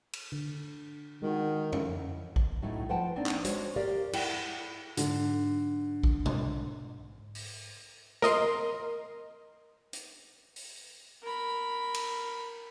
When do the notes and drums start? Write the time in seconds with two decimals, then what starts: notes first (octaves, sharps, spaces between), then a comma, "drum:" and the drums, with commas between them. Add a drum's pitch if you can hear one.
0.13 drum: cymbal
0.32 D3
1.22 D#3 G#3 F#4
1.73 C#4 E4, drum: tom F2
2.36 drum: kick A#1
2.62 F#2 A2 F#3 A3 D#4
2.89 F3 B4 F#5 G5 A5
3.16 A#3 C4 D4 D#4
3.26 drum: clap
3.45 G#3 F#4 C5 C#5, drum: hi-hat
3.76 G4 A#4 D5 F5
4.13 E4 F#5 G5, drum: cymbal
4.97 G#2 D3 F#3, drum: hi-hat
6.03 drum: kick A#1
6.26 drum: tom B2
7.35 drum: open hi-hat
8.22 A#4 D#5 C6, drum: snare
9.93 drum: hi-hat
10.56 drum: open hi-hat
11.23 A#4 B5
11.94 drum: cymbal